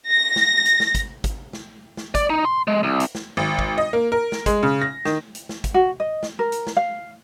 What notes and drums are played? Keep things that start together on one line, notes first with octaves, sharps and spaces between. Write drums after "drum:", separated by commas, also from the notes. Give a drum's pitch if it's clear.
A#6
drum: snare
drum: hi-hat
drum: snare
drum: kick, hi-hat
drum: kick, hi-hat
drum: snare
drum: snare
D5, drum: kick, hi-hat
D#4
C6
G#3
C2
drum: hi-hat
drum: snare
G#1
drum: kick
D#5
A#3
A#4
drum: snare
G#3, drum: kick, hi-hat
C#3
A#6
D#3, drum: snare
drum: hi-hat
drum: snare
drum: kick, hi-hat
F#4
D#5
drum: snare
A#4
drum: hi-hat
drum: snare
F5